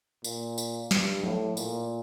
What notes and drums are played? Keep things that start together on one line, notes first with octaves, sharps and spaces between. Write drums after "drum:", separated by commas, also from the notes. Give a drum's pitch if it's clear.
A#2, drum: tambourine
drum: tambourine
G2, drum: snare
A2, drum: tom F3
A#2, drum: tambourine